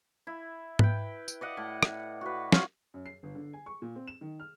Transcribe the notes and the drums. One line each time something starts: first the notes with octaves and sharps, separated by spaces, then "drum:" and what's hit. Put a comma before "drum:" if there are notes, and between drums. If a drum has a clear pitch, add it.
E4
B4 G5, drum: tom G#2
drum: tambourine
D5 D#5 F#5
A2
drum: rim click
F#4 B4
F4 C#5 F5 F#5, drum: snare
F#2
C7
G1
D3
G#5
C#6
A#2
C4
E7
D#3
F6